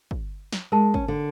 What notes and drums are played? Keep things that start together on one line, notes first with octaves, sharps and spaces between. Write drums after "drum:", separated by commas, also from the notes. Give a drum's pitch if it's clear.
drum: kick
drum: snare
G#3 A#4 A5
C#4, drum: kick
D3